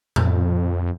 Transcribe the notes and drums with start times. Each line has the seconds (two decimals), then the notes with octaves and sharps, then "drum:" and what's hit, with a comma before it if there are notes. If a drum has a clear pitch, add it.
0.16 F2, drum: tom A2